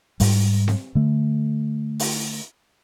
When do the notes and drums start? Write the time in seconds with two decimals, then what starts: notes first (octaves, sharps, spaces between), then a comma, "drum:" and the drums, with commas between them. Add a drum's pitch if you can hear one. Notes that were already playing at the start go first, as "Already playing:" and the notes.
0.20 G#2 G3, drum: open hi-hat
0.68 drum: snare C4
0.95 D3 A3
2.00 drum: open hi-hat